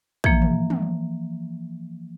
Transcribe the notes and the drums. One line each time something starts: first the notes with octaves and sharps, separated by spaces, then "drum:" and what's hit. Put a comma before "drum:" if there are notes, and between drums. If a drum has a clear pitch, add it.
E3 F3 A#3, drum: kick
drum: tom
drum: tom